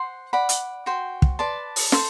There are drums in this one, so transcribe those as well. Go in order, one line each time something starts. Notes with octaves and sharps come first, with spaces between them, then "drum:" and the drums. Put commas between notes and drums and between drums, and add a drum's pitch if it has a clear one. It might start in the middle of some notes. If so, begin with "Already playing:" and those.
Already playing: C5 F#5 C6
D5 F#5 B5
drum: hi-hat
F#4 C5 G5
drum: kick
B4 D5 A5 C6
drum: open hi-hat
A4 C5, drum: snare